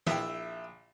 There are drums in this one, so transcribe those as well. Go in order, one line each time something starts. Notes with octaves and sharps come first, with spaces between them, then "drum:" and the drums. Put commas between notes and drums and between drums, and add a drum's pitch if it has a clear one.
A#1 E4 E5 G5, drum: snare